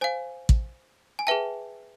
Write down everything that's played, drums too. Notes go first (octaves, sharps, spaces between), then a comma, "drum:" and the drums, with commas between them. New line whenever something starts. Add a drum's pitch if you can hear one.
C5 F5 G#5
drum: kick
G#5
G#4 B4 E5 G5 A5